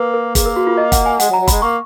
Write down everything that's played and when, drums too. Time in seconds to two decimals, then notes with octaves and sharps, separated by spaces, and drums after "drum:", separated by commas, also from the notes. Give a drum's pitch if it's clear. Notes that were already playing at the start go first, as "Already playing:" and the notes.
Already playing: A#3 B4
0.14 A#4
0.35 A#3 G#4, drum: kick, hi-hat
0.46 A#4
0.56 F#4
0.67 F4
0.77 D#5
0.92 F#5, drum: kick, hi-hat
1.06 G#5
1.20 G#3 F#5, drum: hi-hat
1.30 F#3
1.33 A#5
1.41 F#3
1.48 G#3 B5, drum: kick, hi-hat
1.62 A#3 C#6